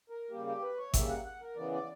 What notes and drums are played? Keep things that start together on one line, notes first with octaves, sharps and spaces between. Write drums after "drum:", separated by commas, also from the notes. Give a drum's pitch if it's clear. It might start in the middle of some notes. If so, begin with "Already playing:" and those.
A#4
C#3 G3 A#3 G4
G4
B4
C#5
C#3 G3 A#3 E5, drum: kick G#1, hi-hat
F#5
F#5
A#4
C#3 E3 B3 D5
D5